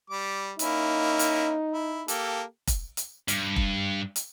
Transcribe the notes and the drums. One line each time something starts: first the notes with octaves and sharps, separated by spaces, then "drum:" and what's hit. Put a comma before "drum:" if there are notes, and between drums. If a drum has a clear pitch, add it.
G3 D6
A#3 C#4 D#4 E4, drum: hi-hat
drum: hi-hat
E4
A#3 G4 A4, drum: hi-hat
drum: kick F1, hi-hat
drum: hi-hat
G2, drum: hi-hat
drum: kick F1
drum: hi-hat